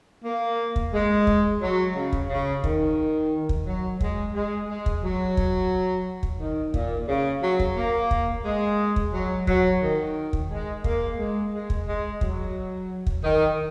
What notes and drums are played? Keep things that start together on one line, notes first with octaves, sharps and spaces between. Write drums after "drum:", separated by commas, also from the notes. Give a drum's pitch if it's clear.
A#3
drum: kick
G#3
drum: kick
F#3
C#3
drum: kick
C#3
D#3, drum: kick
drum: kick
F#3
G#3, drum: kick
G#3
G#3
drum: kick
F#3
drum: kick
drum: kick
D#3
A#2, drum: kick
C#3
F#3
drum: kick
A#3
drum: kick
G#3
drum: kick
F#3
F#3, drum: kick
D#3
drum: kick
G#3
A#3, drum: kick
G#3
G#3
drum: kick
G#3
F#3, drum: kick
drum: kick
D#3